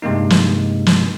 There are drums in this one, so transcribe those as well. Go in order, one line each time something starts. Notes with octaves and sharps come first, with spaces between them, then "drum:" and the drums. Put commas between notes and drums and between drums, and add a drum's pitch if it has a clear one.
G2 C3 G#3 A#3 D#4
drum: snare
drum: snare